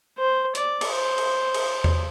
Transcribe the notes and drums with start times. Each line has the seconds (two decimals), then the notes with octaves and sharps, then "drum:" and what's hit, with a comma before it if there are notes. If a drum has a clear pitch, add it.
0.18 C5
0.55 D5, drum: hi-hat
0.81 drum: cymbal
0.93 C5
1.18 drum: cymbal
1.54 drum: cymbal
1.84 drum: tom E2